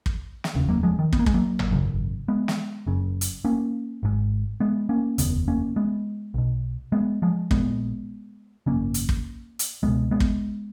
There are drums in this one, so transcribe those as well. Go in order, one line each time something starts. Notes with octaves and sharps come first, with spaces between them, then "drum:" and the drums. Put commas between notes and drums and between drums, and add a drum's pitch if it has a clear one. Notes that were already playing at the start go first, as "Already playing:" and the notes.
drum: kick
drum: snare
F1 D#2 C#3
F#3 A#3
F3 G#3
D#3
B3, drum: kick
A#3
G#3, drum: kick
F#3 A#3
drum: tom G1
G#1 F#2 C#3
G#3 B3
drum: snare
F#1 F#2 C#3
drum: hi-hat
A#3 C#4
G#1 G#2
G#3 B3
A#3 C#4
F1 D#2 C#3 B3, drum: hi-hat
A#3 C#4
G#3 B3
B1 B2
G#3 B3
F3 G#3
A#1 A#2 G#3 B3, drum: kick
G#1 F#2 C#3 A#3 C#4
drum: hi-hat
drum: kick
drum: hi-hat
C#2 B2 G#3 B3
G#3 B3
drum: kick